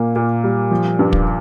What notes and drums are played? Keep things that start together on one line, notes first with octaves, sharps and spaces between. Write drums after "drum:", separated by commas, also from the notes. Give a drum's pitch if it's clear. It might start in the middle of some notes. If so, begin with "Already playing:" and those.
Already playing: A#2 A#3
A#2
G3
F3
G2
drum: kick